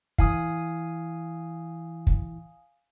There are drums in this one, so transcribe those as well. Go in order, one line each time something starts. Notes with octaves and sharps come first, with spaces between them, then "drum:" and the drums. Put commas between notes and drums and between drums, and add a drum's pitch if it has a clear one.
E3 E4 F5 G#5 D#6, drum: kick
drum: kick